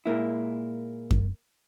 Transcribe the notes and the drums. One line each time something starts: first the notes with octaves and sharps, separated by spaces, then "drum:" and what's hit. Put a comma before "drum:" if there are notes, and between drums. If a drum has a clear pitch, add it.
A#2 G#3 A#3 E4
drum: kick F#2